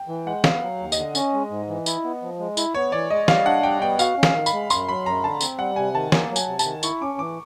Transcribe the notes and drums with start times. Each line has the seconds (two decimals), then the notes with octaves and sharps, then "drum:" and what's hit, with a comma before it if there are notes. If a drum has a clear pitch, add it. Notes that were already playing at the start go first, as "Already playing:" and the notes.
Already playing: G5
0.08 E3
0.26 G#3 F#5
0.44 B3 F5, drum: snare
0.62 F#3
0.79 D#2
0.92 D3 D#5, drum: tambourine
1.15 C#4, drum: tambourine
1.33 G#3
1.50 G#2
1.68 E3
1.86 E4, drum: tambourine
2.04 B3
2.22 F3
2.39 G#3
2.57 E4, drum: tambourine
2.75 B3 C#5
2.92 E3 D5
3.10 G#3 D#5
3.28 G3 F5, drum: snare
3.46 D4 F#5
3.63 G3 G5
3.82 B3 G5
3.99 F#4 F5, drum: tambourine
4.17 C#4
4.23 F5, drum: snare
4.35 D#3
4.46 B5, drum: tambourine
4.52 G#3
4.70 F#2 C6, drum: tambourine
4.88 F#3 B5
5.05 F#2 A#5
5.24 D3 A5
5.41 C4, drum: tambourine
5.59 G3 F#5
5.76 C3 G#5
5.95 D#3 A5
6.12 A#3 G#5, drum: snare
6.30 F#3
6.36 G#5, drum: tambourine
6.48 C3
6.59 A5, drum: tambourine
6.65 D#3
6.83 E4 C#6, drum: tambourine
7.01 C#4 D6
7.19 E3 D6